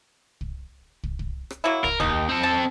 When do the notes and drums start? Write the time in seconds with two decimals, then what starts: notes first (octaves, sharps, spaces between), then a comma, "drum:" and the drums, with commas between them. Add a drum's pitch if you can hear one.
0.41 drum: kick
1.03 drum: kick
1.19 drum: kick
1.50 drum: rim click
1.64 F#3 A#3 E4
1.84 A#4, drum: kick
2.00 D#2 D#4, drum: kick
2.29 C4 A4
2.43 A5